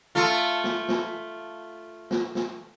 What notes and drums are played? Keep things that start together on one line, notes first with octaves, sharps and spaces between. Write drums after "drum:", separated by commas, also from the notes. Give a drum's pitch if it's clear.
A3 F4
drum: snare
drum: snare
drum: snare
drum: snare